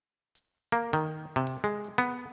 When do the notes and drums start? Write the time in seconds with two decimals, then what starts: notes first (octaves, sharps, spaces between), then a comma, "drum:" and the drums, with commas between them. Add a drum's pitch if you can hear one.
0.35 drum: hi-hat
0.72 A#3, drum: hi-hat
0.93 D#3
1.36 C3
1.47 drum: open hi-hat
1.64 G#3
1.84 drum: hi-hat
1.98 B3